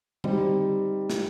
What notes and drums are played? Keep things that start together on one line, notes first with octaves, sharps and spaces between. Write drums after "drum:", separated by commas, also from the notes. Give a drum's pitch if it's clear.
G3 C4 D#4, drum: tom D3
drum: snare